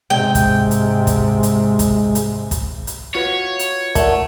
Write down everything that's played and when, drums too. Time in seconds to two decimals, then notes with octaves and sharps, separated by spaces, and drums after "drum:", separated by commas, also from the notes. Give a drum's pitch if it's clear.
0.10 G#2 C3 G#3 G5
0.35 drum: kick, hi-hat
0.71 drum: hi-hat
1.07 drum: kick, hi-hat
1.43 drum: hi-hat
1.79 drum: kick, hi-hat
2.15 drum: hi-hat
2.51 drum: kick, hi-hat
2.87 drum: hi-hat
3.15 F4 F#4 B4 C#5
3.59 drum: hi-hat
3.95 A3 A#4 D5 F#5, drum: kick, hi-hat